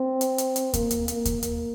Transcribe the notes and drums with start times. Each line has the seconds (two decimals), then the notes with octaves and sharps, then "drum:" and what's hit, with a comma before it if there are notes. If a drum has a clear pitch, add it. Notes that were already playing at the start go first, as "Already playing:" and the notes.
Already playing: C4
0.21 drum: hi-hat
0.38 drum: hi-hat
0.56 drum: hi-hat
0.74 A#3, drum: kick D#2, hi-hat
0.91 drum: hi-hat
1.08 A#3, drum: hi-hat
1.25 drum: kick D#2, hi-hat
1.43 A#3, drum: hi-hat